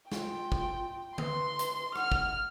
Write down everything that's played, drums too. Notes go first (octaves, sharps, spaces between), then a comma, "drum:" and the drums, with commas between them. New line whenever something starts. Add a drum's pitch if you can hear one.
F4 G5, drum: snare
drum: kick
B4 C6, drum: tom D3
drum: hi-hat
F#5 F6, drum: rim click
drum: kick